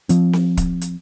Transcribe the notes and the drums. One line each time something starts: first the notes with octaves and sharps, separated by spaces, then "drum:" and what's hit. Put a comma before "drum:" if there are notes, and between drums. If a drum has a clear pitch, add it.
F3 C4, drum: hi-hat
drum: snare C4
drum: kick, hi-hat
drum: hi-hat